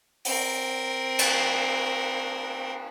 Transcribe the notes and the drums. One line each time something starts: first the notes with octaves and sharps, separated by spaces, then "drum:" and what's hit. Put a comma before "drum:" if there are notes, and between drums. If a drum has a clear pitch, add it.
C4 A#4, drum: open hi-hat
drum: cymbal